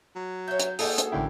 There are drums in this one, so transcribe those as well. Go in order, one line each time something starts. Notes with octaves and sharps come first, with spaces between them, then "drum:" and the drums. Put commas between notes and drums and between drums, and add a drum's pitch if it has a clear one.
F#3
C#5 E5 G6
drum: hi-hat
A#3 D#4 F#4 G#4 A4, drum: open hi-hat
drum: hi-hat
A1 F#2 D3 E4 G5